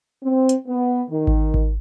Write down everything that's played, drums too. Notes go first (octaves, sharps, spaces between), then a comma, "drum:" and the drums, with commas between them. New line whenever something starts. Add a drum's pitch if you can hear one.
C4
drum: hi-hat
B3
D#3
drum: kick G#1
drum: kick G#1